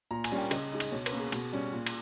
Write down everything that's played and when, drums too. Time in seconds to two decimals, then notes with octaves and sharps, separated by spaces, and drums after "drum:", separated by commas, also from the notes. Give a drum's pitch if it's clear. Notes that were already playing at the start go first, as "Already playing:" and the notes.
0.11 A#2 A#5
0.24 G#5, drum: cymbal
0.31 G3 A#3 C#4
0.38 G5
0.51 C#3 D#5, drum: cymbal
0.72 G#3 D#4
0.80 D#5, drum: cymbal
0.92 B2 C#5
1.06 B4, drum: cymbal
1.12 A#3 C#4
1.19 G#4
1.32 B2, drum: cymbal
1.53 G3 C#4
1.73 A#2
1.86 drum: cymbal